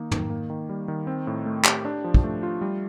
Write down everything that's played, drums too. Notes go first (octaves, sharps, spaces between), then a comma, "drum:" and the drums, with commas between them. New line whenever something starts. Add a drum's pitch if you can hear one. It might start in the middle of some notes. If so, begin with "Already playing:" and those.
Already playing: D#3 A#3 D#4
D#3, drum: tom
A#3
D#3
G3
D#3
C4
A2
A3
G4, drum: clap
D4
F3
drum: kick
A3
F4
G3